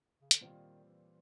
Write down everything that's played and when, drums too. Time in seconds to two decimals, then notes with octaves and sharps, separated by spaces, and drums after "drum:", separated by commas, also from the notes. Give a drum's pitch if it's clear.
0.21 C#3
0.31 D3, drum: hi-hat
0.41 A#2 D#3 G3 C4 F4
0.85 E3